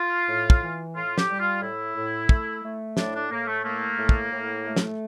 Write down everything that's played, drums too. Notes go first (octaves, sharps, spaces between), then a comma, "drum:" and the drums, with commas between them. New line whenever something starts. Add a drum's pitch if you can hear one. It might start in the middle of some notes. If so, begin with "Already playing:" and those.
Already playing: F4
A2
drum: kick
E3
A2 F4
G4, drum: snare
G3
F4
A2 E4
A2
A3, drum: kick
A3
A2 D4, drum: snare
D4
A2 A#3
A3
A3 A#3
A2
drum: kick
A2
A3
drum: snare